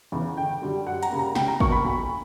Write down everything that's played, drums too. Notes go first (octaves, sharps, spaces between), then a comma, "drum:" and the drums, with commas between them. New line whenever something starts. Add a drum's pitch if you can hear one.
E2 C#3 E3
G1 G5
F#2 D3 G3
F#2 F#5
A#5, drum: hi-hat
C#3 G3 A#3
A#5
C#2 G5, drum: snare
A#5
B2 A#3 C#6, drum: kick
B5
B1